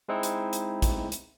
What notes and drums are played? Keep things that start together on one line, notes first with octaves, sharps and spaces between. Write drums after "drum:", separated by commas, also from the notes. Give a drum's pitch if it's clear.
G#3 C4 D#4 E4
drum: hi-hat
drum: hi-hat
drum: kick, hi-hat
drum: hi-hat